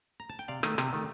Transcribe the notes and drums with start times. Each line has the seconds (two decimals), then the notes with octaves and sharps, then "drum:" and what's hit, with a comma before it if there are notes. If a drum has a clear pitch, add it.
0.20 A#5
0.30 A5
0.39 G5
0.48 C3 D5 F5
0.63 D#3 A3, drum: rim click
0.78 C3, drum: rim click
0.93 D#3 A3